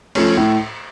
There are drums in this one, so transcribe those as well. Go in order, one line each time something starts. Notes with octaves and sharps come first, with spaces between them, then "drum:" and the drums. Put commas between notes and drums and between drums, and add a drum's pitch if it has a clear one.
F3 A3 C#4, drum: cymbal
A2